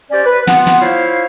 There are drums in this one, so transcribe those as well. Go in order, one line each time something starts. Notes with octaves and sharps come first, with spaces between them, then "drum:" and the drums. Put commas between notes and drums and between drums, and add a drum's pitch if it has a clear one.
C#4 G4 C5 D5
B4
B3 F4 F#5, drum: snare
drum: snare
E4 F4 C5 C#5 F5